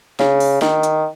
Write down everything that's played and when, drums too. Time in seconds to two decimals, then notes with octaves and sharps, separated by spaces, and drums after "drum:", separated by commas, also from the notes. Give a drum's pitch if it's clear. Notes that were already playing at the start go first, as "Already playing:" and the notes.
0.20 C#3, drum: snare D4
0.40 drum: open hi-hat
0.62 D#3, drum: snare D4
0.83 drum: hi-hat